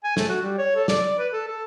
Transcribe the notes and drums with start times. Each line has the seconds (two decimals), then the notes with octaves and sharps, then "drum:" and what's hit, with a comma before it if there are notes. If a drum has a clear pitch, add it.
0.04 G#5
0.17 A3, drum: snare
0.29 F#4
0.42 G3
0.58 C#5
0.76 A4
0.88 D5, drum: snare
1.02 D5
1.18 B4
1.33 A4
1.47 A4